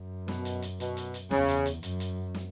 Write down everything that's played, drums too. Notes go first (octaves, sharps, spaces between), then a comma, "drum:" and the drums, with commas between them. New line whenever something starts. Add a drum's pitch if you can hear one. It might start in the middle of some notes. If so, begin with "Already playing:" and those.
Already playing: F#2
B2, drum: snare
drum: hi-hat
drum: hi-hat
B2, drum: hi-hat
drum: hi-hat
drum: hi-hat
E2 C#3, drum: snare
drum: hi-hat
drum: hi-hat
F#2, drum: hi-hat
drum: hi-hat
drum: snare